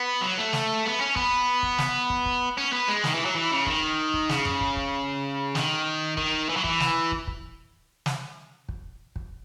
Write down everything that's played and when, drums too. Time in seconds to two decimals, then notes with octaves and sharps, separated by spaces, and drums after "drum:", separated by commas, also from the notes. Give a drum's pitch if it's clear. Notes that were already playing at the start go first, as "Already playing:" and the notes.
Already playing: B3
0.21 F#3
0.37 A3
0.53 drum: snare
0.85 B3
1.00 C#4
1.16 B3, drum: kick
1.63 drum: kick
1.78 drum: snare
2.10 drum: kick
2.25 drum: kick
2.57 C#4
2.72 B3
2.88 G#3
3.04 D#3, drum: snare
3.14 E3
3.25 F#3
3.35 E3
3.51 C#3
3.66 D#3, drum: kick
4.14 drum: kick
4.29 C#3, drum: snare
4.45 drum: tom F#2
4.61 drum: kick
4.76 drum: kick
5.55 D#3, drum: snare
6.17 D#3, drum: kick
6.49 E3
6.57 F#3
6.64 E3, drum: kick
6.80 drum: snare
7.12 drum: kick
7.27 drum: kick
8.06 drum: snare
8.69 drum: kick
9.16 drum: kick